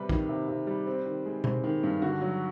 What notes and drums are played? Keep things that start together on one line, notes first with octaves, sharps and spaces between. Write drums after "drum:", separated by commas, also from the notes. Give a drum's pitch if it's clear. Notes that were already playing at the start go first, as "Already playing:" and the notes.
Already playing: C3 G3 B4
D#3, drum: kick
C3
C3
G3
C4
D#3
G#3
C4, drum: tom B2
D#3
G2
D3 F#4
F#3